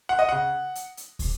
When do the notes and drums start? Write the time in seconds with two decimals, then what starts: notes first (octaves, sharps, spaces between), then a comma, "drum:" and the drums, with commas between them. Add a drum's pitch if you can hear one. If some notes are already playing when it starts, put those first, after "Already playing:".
0.09 F#5
0.19 D#5
0.29 C#3 F#5
0.75 drum: hi-hat
0.97 drum: hi-hat
1.19 drum: kick, open hi-hat